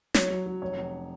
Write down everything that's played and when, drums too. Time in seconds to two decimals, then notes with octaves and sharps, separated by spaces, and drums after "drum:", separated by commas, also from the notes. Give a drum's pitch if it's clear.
0.14 F#3 C#5, drum: snare
0.30 F#3
0.46 F#3
0.62 F1 C#5
0.77 F1